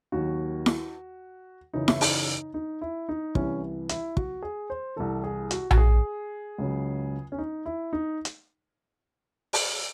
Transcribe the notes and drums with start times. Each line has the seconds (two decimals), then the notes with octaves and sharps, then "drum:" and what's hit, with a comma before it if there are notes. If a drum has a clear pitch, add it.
0.12 D#2 D#3 F#3 F#4
0.66 drum: snare E4
1.73 F#2 C#3 E3 D#4
1.88 E4, drum: snare E4
2.01 D#4, drum: open hi-hat
2.54 D#4
2.81 E4
3.09 D#4
3.35 C2 C3 E3 C#4, drum: kick
3.89 E4, drum: hi-hat
4.17 F#4, drum: kick
4.43 G#4
4.70 C5
4.96 C2 C3 E3 A4
5.24 G#4
5.51 F#4, drum: hi-hat
5.71 F#4, drum: tom A#1
5.78 G#4
6.58 C#2 C#3 F#3
7.32 C#4
7.38 D#4
7.66 E4
7.93 D#4
8.25 drum: hi-hat
9.53 drum: open hi-hat